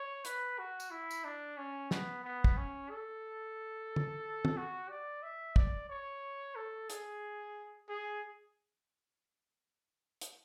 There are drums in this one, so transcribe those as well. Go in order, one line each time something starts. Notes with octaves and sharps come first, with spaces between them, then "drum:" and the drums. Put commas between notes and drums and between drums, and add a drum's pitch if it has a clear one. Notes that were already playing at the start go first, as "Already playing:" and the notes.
Already playing: C#5
B4, drum: hi-hat
F#4
drum: tambourine
E4
drum: tambourine
D4
C#4
B3, drum: snare
B3
drum: kick
C#4
A4
drum: tom
drum: tom
F#4
D5
E5
D5, drum: kick
C#5
A4
G#4, drum: hi-hat
G#4
drum: hi-hat